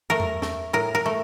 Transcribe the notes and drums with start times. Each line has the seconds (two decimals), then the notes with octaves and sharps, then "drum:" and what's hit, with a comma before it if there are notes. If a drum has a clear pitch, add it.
0.10 A3 A#4
0.20 drum: tom E2
0.42 A3, drum: snare
0.73 A2 A#4
0.95 A#4
1.06 A3